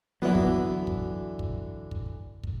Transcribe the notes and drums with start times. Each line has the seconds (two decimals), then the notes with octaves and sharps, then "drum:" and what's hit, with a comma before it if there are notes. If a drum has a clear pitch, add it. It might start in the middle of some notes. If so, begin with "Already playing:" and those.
0.22 D3 E3 F#3 B3 E4
0.35 drum: kick
0.87 drum: kick
1.39 drum: kick
1.91 drum: kick
2.43 drum: kick